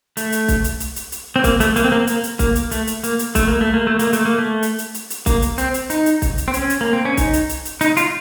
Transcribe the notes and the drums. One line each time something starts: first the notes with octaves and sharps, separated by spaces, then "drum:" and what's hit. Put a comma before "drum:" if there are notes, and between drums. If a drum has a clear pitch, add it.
A3, drum: hi-hat
drum: hi-hat
drum: kick, hi-hat
drum: hi-hat
drum: hi-hat
drum: hi-hat
drum: hi-hat
C4
A#3, drum: kick, hi-hat
A3, drum: hi-hat
A#3, drum: hi-hat
C4
A#3
A#3, drum: hi-hat
drum: hi-hat
A#3, drum: kick, hi-hat
drum: hi-hat
A3, drum: hi-hat
drum: hi-hat
A#3, drum: hi-hat
drum: hi-hat
A3, drum: kick, hi-hat
A#3
A3
A#3
A3
A#3, drum: hi-hat
A3, drum: hi-hat
A#3
A3
drum: hi-hat
drum: hi-hat
drum: hi-hat
drum: hi-hat
A#3, drum: kick, hi-hat
drum: hi-hat
C4, drum: hi-hat
drum: hi-hat
D#4, drum: hi-hat
drum: hi-hat
drum: kick, hi-hat
drum: hi-hat
C4
C#4, drum: hi-hat
drum: hi-hat
A#3
C4
C#4
D#4, drum: kick, hi-hat
drum: hi-hat
drum: hi-hat
drum: hi-hat
D#4, drum: hi-hat
F4, drum: hi-hat